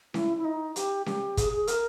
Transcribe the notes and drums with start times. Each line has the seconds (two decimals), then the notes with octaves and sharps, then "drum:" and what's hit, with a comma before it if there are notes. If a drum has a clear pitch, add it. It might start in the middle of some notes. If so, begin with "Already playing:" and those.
0.14 E4, drum: snare C#4
0.37 E4
0.45 D#4
0.76 G4, drum: hi-hat
1.06 G4, drum: snare C#4
1.37 G#4, drum: kick, hi-hat
1.52 G#4
1.67 A#4, drum: hi-hat